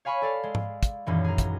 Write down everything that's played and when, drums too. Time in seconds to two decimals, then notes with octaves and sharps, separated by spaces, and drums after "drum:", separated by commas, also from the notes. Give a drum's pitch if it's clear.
0.05 C#5 F5 G#5 B5 C#6
0.22 A4 D5 F5
0.43 G#3
0.55 drum: tom G#2
0.83 drum: kick, hi-hat
1.06 D#1 F#2 E3
1.24 G#4 A#5
1.38 drum: kick, hi-hat